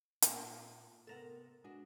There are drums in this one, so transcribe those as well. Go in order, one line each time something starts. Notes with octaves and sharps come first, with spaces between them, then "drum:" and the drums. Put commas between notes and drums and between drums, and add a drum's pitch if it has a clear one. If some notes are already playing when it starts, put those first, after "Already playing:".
A#2, drum: hi-hat
C3 B3 A4 A#4 F#5
G#3 B3 D4 F#4